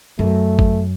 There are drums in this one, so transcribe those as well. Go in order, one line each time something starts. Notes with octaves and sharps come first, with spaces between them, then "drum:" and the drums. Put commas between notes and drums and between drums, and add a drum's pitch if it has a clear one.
F#2 A3
drum: kick G#1